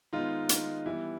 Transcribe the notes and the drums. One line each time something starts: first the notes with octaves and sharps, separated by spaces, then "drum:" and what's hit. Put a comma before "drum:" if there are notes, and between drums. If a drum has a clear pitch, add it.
D#3 G#3 B3 D#4 F4
drum: hi-hat
E3 G3 B3 E4